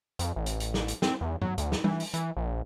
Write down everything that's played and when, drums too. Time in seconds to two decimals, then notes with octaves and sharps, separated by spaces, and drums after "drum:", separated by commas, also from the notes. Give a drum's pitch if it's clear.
0.19 F2, drum: hi-hat
0.36 A1
0.46 drum: hi-hat
0.60 drum: hi-hat
0.74 drum: snare
0.88 drum: hi-hat
1.02 C4, drum: snare
1.21 E2
1.42 F#3, drum: tom G2
1.58 D2, drum: hi-hat
1.72 drum: snare
1.84 E3, drum: tom G3
2.00 drum: open hi-hat
2.14 E3, drum: hi-hat
2.37 A#1